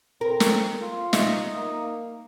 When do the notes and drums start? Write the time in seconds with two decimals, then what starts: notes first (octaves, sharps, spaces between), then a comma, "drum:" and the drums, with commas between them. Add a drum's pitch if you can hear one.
0.21 C4 A#4
0.40 drum: snare
0.81 F4
1.13 D#4 E5, drum: snare
1.56 A#3